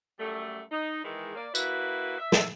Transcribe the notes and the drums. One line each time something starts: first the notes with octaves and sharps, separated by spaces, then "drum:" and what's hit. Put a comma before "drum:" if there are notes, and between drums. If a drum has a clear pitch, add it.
F#2 G3 A3
D#4
D#3 E3 G#3
A#3 D5
A#3 E4 F#4 B4, drum: tambourine
E5
drum: snare